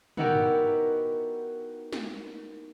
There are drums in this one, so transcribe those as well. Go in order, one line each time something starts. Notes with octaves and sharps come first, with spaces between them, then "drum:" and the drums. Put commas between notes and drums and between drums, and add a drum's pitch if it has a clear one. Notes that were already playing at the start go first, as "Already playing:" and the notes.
B3 D#4 E4 F#4 G4 A#4, drum: tom
drum: snare